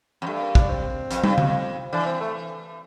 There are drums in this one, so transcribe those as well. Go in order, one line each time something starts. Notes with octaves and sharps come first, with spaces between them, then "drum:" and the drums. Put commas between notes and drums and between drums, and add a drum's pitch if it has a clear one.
F2
G2 A3
A#3
D4, drum: kick
C4
F2, drum: hi-hat
G2, drum: tom
F2, drum: tom D3
E3 D4
C4
A3